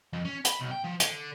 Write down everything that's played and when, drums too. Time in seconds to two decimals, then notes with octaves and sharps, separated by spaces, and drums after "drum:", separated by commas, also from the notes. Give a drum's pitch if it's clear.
0.13 F2
0.25 C#4
0.45 B5, drum: hi-hat
0.59 B1
0.71 G5
0.84 F3
1.00 D3, drum: hi-hat